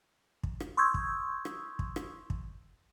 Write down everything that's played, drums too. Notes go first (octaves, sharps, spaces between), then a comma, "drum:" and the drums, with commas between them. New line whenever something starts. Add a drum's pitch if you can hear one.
drum: kick
drum: rim click
C6 C#6 D#6 E6 G6 G#6
drum: kick
drum: rim click
drum: kick
drum: rim click
drum: kick